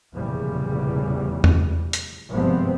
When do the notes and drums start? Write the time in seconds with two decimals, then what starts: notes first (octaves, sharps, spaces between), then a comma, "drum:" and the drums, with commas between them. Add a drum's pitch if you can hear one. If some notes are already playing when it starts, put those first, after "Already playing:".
0.14 F1 A#1 E2 C#3 G3
1.44 drum: tom E2
1.93 drum: hi-hat
2.31 G#1 G2 C3 F3 B3 C4